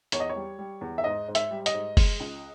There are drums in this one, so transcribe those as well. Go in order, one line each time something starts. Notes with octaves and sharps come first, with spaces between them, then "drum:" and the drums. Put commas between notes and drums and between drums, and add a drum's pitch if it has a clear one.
E2 C#5, drum: hi-hat
D#5
C#5
G3
G3
E2
E5
G#2 D#5
G#2
E5, drum: hi-hat
G3
D#5, drum: hi-hat
G#2
G#3, drum: kick F#1, open hi-hat
C#2